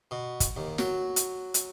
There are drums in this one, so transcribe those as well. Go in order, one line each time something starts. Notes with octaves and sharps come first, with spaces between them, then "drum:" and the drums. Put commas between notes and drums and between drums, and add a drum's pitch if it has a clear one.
B2
drum: kick, hi-hat
D#2
F#3, drum: snare
drum: hi-hat
drum: hi-hat